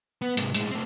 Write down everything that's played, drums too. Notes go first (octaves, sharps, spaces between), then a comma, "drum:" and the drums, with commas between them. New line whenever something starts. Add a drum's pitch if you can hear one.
B3
G#2 C3, drum: hi-hat
A2 G#3, drum: hi-hat
A3 C4